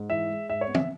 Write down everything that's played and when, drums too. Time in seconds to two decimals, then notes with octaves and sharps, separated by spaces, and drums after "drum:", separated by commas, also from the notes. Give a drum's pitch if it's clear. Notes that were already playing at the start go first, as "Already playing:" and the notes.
Already playing: G#2
0.10 E3 E5
0.30 G#3
0.49 G#2 E5
0.61 C#5
0.68 B3
0.75 E5, drum: tom